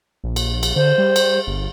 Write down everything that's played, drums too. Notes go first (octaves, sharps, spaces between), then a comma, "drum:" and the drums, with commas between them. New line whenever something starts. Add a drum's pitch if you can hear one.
A#1
drum: cymbal
drum: cymbal
D3 C5
G3
drum: cymbal
G1